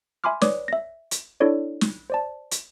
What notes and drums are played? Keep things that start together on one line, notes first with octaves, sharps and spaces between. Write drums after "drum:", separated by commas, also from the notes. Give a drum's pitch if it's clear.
E5 G#5 B5 C6 D6 F6
B4 C#5 D5 D6 D#6, drum: snare
E5 A#6
drum: hi-hat
D4 E4 A4 C#5 D5
drum: snare
C5 D5 A5
drum: hi-hat